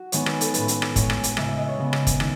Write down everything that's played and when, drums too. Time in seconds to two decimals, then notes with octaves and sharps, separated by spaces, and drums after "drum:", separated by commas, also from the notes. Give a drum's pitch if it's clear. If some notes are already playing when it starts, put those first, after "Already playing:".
Already playing: F#4
0.12 D#3 G#3 B3 C#5, drum: hi-hat
0.26 B4, drum: rim click
0.41 A4, drum: hi-hat
0.54 A2 G#3 C#4 B4, drum: hi-hat
0.68 drum: hi-hat
0.82 drum: rim click
0.96 A2 G#3 C#4 C#5, drum: kick, hi-hat
1.10 drum: rim click
1.24 drum: hi-hat
1.37 C#3 G#3 B3 E5, drum: rim click
1.48 E5
1.58 D#5
1.68 C#5
1.79 C#3 G#3 B3
1.93 drum: rim click
2.07 drum: kick, hi-hat
2.20 D#3, drum: rim click